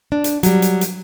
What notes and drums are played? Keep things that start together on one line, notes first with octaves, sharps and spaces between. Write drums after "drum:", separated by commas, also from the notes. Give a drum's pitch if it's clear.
D4
drum: hi-hat
F#3 G3, drum: hi-hat
drum: hi-hat
drum: hi-hat